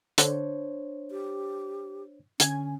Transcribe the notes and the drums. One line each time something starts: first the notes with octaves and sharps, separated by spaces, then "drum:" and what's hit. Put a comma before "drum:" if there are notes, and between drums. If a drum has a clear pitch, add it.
D3 D4 C5 C#5, drum: hi-hat
G4
D3 C#4 G#5 G#6, drum: hi-hat